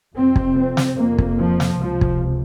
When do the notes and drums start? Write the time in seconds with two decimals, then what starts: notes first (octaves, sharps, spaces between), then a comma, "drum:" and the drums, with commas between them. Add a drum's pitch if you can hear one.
0.15 F2 C3 C4
0.36 drum: kick
0.56 C4
0.77 drum: snare
0.98 F2 C3 A#3
1.18 drum: kick
1.40 F3
1.60 drum: snare
1.81 C#2 C3 F3
2.01 drum: kick